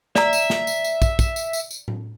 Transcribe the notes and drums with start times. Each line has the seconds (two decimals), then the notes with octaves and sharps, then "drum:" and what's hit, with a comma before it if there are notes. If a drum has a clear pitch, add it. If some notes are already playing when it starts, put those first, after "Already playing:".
0.16 D5 E5 A#5, drum: snare
0.33 drum: tambourine
0.50 drum: snare
0.67 drum: tambourine
0.84 drum: tambourine
1.02 drum: kick, tambourine
1.19 drum: kick, tambourine
1.36 drum: tambourine
1.53 drum: tambourine
1.71 drum: tambourine
1.88 drum: tom A2